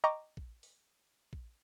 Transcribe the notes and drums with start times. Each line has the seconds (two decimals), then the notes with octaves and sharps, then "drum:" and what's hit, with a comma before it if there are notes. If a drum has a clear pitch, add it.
0.04 D#5 G5 A#5 C#6 D6
0.37 drum: kick A#1
0.63 drum: open hi-hat
1.33 drum: kick A#1